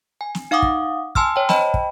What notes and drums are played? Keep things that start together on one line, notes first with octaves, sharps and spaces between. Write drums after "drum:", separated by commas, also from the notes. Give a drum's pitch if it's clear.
G#5
drum: snare
D#4 F5 F#5 D6 D#6
drum: kick
G#5 A5 C6 E6 F6, drum: kick
C#5 G5
C5 D#5 G5 A5 B5, drum: snare
drum: kick